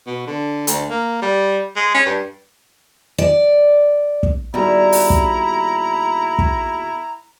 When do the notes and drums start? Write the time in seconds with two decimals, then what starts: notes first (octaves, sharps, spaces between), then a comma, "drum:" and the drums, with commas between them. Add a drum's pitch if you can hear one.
0.06 B2
0.27 D3
0.67 D2, drum: hi-hat
0.90 A#3
1.22 G3
1.76 G#3
1.94 C#4
2.06 G2
3.18 D5
4.23 drum: kick
4.54 D#2 G3 B3 E4 F#4 G#4 A#5
4.92 drum: open hi-hat
5.10 drum: kick
6.39 drum: kick